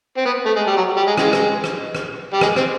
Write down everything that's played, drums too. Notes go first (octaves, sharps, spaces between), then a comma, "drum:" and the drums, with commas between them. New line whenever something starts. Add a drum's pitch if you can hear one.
C4
B3
A3
G#3
G3
F#3
G3
G#3
C#3 E3 G#3, drum: rim click
drum: rim click
drum: rim click
drum: rim click
G3
G#3, drum: rim click
C4, drum: rim click